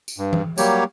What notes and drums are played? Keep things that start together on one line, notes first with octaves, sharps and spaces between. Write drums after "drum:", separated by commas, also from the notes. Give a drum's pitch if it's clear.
drum: tambourine
G2
drum: tom E3
F#3 G3 A#3 G4 C#5, drum: tambourine